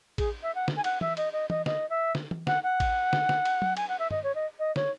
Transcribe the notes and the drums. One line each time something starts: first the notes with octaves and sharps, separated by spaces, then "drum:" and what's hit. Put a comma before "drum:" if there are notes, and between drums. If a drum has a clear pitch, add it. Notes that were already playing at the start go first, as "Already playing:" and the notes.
G#4, drum: kick A1, cymbal
E5
F#5
drum: snare
G#5
F#5, drum: cymbal
E5, drum: tom E3
D#5, drum: cymbal
D#5
D#5, drum: tom E3
D#5, drum: snare
E5
drum: snare
drum: tom E3
F#5, drum: snare
F#5
drum: kick A1, cymbal
drum: snare
drum: snare
drum: cymbal
drum: tom F#3
G#5, drum: cymbal
F#5
E5
D#5, drum: tom G2
C#5
D#5
D#5
C#5, drum: snare